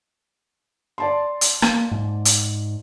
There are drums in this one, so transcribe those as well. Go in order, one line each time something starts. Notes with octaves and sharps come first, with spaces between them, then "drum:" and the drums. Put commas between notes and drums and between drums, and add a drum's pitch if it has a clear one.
D5 A5 C6
drum: hi-hat
A#3, drum: rim click
G#2
drum: hi-hat